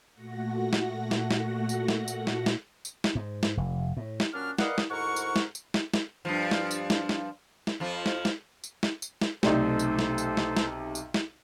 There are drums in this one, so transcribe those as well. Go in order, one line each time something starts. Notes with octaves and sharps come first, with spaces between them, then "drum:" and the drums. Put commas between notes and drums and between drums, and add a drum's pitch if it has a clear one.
A#2 A3 F#4 F#5 A#6
drum: snare
drum: snare
drum: snare
drum: tambourine
drum: snare
drum: tambourine
drum: snare
drum: snare
drum: tambourine
drum: snare
G#2
drum: snare
F1
A2
drum: snare
A#2 F#3 C#4 D4 F#4 F6
A#4 B4 D5 D#5 F5 F#5, drum: snare
drum: snare
D2 G#2 E4 A#4 F#5 C#6
drum: tambourine
drum: snare
drum: tambourine
drum: snare
drum: snare
G2 A#2 F3
drum: snare
drum: tambourine
drum: snare
drum: snare
drum: snare
F2 F3 F4
drum: snare
drum: snare
drum: tambourine
drum: snare
drum: tambourine
drum: snare
B1 C3 A3 D#4 A4 C5 D5, drum: snare
drum: tambourine
drum: snare
drum: tambourine
drum: snare
drum: snare
drum: tambourine
drum: snare